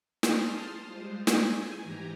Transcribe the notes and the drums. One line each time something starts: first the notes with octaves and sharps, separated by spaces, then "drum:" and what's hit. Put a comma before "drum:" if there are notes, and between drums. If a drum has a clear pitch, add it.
A5 C6 D#6 F6, drum: snare
G3 G#3 F4 C5
G#5, drum: snare
G#2 E3 G4 A#5